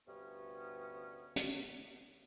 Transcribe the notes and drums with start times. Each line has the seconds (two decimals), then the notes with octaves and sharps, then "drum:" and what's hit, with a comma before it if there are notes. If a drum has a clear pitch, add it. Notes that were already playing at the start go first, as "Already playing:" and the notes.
0.07 D2 G2 C3 B3 C#4
1.36 drum: hi-hat